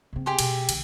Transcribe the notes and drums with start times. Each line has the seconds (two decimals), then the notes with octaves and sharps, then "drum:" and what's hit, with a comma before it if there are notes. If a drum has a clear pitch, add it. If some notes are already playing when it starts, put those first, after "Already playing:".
0.13 C#3 C4
0.26 G4 G#4 C6
0.39 B2 A3, drum: cymbal
0.69 C2 D#3, drum: cymbal